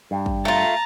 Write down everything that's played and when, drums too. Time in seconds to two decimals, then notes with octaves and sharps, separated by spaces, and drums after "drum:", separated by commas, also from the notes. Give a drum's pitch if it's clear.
0.11 G2
0.26 drum: kick
0.45 A3 F4 A5 A#5